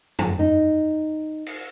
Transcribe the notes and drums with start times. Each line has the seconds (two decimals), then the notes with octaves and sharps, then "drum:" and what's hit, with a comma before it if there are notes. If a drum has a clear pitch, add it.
0.19 drum: tom
0.39 D#4
1.46 drum: cymbal